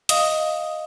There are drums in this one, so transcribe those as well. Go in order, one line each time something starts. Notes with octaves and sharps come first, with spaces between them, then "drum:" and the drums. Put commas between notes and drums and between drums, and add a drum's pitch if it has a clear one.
D#5 F5 D#6, drum: hi-hat